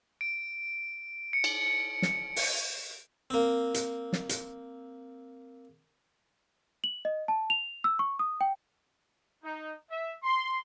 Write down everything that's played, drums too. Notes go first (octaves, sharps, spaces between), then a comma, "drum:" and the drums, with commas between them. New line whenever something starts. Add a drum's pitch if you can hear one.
D7
C#7
drum: cymbal
drum: snare
drum: open hi-hat
A#3 C4
drum: hi-hat
drum: snare
drum: hi-hat
F#7
D#5
A5
F7
E6
C#6
D#6
G5
D#4
E5
C6